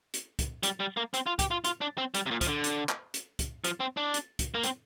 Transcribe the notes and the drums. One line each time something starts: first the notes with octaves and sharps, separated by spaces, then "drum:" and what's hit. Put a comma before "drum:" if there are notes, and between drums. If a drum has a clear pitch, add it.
drum: hi-hat
drum: kick, hi-hat
G3, drum: hi-hat
G3
A#3
C4, drum: hi-hat
F4
G4, drum: kick, hi-hat
F4
F4, drum: hi-hat
D4
C4
G3, drum: hi-hat
C3
A#2
F3, drum: kick, hi-hat
D3
drum: hi-hat
drum: clap
drum: hi-hat
drum: kick, hi-hat
F3, drum: hi-hat
C4
D4
drum: hi-hat
drum: kick, hi-hat
A#3
C4, drum: hi-hat